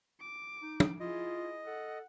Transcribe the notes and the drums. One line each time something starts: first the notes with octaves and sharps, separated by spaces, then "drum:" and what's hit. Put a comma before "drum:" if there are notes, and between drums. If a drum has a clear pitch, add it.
D6
D#4
drum: tom
E4 F4 G#4 D#5
A4 F#5